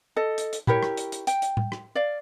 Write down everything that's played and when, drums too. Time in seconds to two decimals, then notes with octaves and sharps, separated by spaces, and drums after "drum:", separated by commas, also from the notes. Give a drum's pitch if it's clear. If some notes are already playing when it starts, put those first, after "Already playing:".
0.16 A4 D#5
0.38 drum: hi-hat
0.53 drum: hi-hat
0.67 E4 G4 A#4 C#5, drum: tom A#2
0.83 drum: rim click
0.97 drum: hi-hat
1.12 drum: hi-hat
1.27 G5, drum: hi-hat
1.42 drum: hi-hat
1.57 drum: tom A2
1.72 drum: rim click
1.95 D5 F5